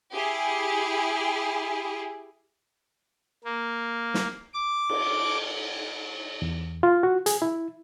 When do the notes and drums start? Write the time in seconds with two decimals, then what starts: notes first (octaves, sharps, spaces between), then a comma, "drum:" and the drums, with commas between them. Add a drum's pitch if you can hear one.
0.13 E4 G4 G#4
3.44 A#3
4.14 drum: snare
4.54 D6
4.90 drum: cymbal
6.42 E2
6.83 F4
7.03 F#4
7.26 G#4, drum: hi-hat
7.42 E4